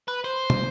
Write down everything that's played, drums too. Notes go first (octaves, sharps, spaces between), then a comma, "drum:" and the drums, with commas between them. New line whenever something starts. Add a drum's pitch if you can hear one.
B4
C5
drum: tom